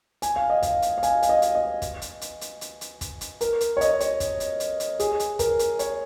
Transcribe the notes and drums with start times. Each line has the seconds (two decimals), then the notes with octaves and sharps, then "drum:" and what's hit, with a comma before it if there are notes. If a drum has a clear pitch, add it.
0.22 G#5, drum: hi-hat
0.36 F5
0.50 D#5
0.63 F5, drum: kick, hi-hat
0.82 drum: hi-hat
0.98 F5
1.03 G#5, drum: hi-hat
1.23 F5, drum: hi-hat
1.29 D#5
1.42 drum: hi-hat
1.55 D#5
1.82 drum: kick, hi-hat
2.02 drum: hi-hat
2.21 drum: hi-hat
2.41 drum: hi-hat
2.61 drum: hi-hat
2.81 drum: hi-hat
3.01 drum: kick, hi-hat
3.21 drum: hi-hat
3.41 A#4, drum: hi-hat
3.61 drum: hi-hat
3.77 C#5
3.81 D#5, drum: hi-hat
4.00 C#5, drum: hi-hat
4.20 drum: kick, hi-hat
4.40 drum: hi-hat
4.60 drum: hi-hat
4.80 drum: hi-hat
5.00 G#4, drum: hi-hat
5.20 drum: hi-hat
5.39 A#4, drum: kick, hi-hat
5.59 drum: hi-hat
5.79 C#5, drum: hi-hat